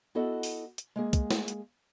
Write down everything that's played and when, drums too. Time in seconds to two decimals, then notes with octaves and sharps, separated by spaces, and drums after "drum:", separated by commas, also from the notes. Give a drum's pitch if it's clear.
0.15 B3 E4 F#4 A4 D#5 F#5
0.43 drum: open hi-hat
0.78 drum: hi-hat
0.96 G#3 A#3 G#4
1.13 drum: kick, hi-hat
1.31 drum: snare
1.48 drum: hi-hat